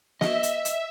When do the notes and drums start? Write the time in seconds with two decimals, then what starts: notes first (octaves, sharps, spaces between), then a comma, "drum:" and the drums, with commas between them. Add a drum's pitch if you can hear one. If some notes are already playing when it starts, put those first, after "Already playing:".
0.21 D#5 E5, drum: snare
0.43 drum: hi-hat
0.65 drum: hi-hat